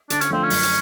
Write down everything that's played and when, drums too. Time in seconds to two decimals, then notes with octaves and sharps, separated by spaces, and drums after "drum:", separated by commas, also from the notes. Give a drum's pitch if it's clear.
0.10 D3 D4, drum: hi-hat
0.21 C#4, drum: hi-hat
0.30 F3 A3 C4 D4 F4
0.44 C#4
0.50 F#2, drum: open hi-hat
0.63 drum: hi-hat